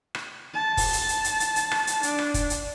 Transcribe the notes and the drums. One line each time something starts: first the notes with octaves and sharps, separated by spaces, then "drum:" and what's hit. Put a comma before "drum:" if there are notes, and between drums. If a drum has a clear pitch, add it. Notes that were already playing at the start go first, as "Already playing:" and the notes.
drum: rim click
A5
drum: kick, open hi-hat
drum: hi-hat
drum: hi-hat
drum: hi-hat
drum: hi-hat
drum: hi-hat
drum: rim click
drum: hi-hat
D4, drum: hi-hat
drum: rim click
drum: kick, hi-hat
drum: hi-hat